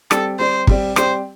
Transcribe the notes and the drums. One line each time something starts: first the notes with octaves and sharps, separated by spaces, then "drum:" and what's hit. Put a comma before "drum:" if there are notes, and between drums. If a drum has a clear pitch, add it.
G3 C4 G4 A4 D5, drum: rim click
G3 C4 G4 C5 D5
G3 C4 G4 D5, drum: kick
G3 C4 G4 C5 D5, drum: rim click